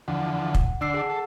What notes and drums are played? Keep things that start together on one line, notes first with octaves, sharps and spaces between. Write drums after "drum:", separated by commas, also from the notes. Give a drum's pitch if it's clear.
E2 D3 F3 F#5
drum: kick
D3 D4 F#5 E6 C7
G#4 F#5 A5
A4 E6